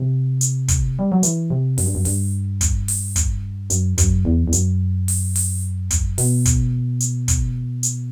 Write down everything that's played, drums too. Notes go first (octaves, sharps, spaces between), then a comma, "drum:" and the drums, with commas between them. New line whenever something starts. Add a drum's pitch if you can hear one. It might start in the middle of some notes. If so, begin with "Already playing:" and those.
Already playing: C3
drum: hi-hat
drum: kick, hi-hat
G3
F#3
E3, drum: hi-hat
C3
F#2, drum: open hi-hat
G2
F#2
G2, drum: open hi-hat
drum: kick, hi-hat
drum: open hi-hat
drum: kick, hi-hat
F#2, drum: hi-hat
F#2, drum: kick, hi-hat
E2
E2
F#2, drum: hi-hat
drum: open hi-hat
drum: open hi-hat
drum: kick, hi-hat
B2, drum: open hi-hat
drum: kick, hi-hat
drum: hi-hat
drum: kick, hi-hat
drum: hi-hat